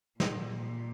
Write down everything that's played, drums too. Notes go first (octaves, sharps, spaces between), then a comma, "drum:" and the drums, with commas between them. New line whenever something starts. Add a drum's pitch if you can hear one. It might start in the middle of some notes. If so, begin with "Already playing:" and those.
A#2, drum: snare